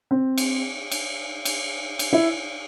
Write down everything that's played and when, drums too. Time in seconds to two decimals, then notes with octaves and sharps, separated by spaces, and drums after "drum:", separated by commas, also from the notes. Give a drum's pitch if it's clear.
0.11 C4
0.38 drum: cymbal
0.91 drum: cymbal
1.45 drum: cymbal
1.99 drum: cymbal
2.13 E4